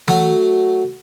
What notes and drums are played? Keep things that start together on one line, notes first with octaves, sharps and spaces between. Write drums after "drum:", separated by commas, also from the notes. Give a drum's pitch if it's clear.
F#3 A3, drum: tom E3